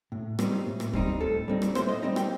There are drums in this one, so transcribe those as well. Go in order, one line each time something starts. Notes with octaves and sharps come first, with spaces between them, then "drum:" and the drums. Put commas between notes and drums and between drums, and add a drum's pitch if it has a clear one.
A2
G3 C4 D#4, drum: rim click
A2
drum: rim click
G3 C4 D#4, drum: kick
A2 A4
G3 C4 D#4
drum: rim click
A2 C5, drum: rim click
D#5
G3 C4 D#4 D#5
G5, drum: rim click